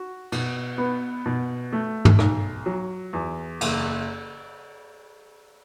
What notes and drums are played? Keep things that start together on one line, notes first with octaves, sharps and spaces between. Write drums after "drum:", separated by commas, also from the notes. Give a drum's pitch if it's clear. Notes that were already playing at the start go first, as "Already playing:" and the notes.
Already playing: F#4
B2, drum: cymbal
B3
B2
A3
drum: tom
B1, drum: rim click
F#3
E2
F#1, drum: cymbal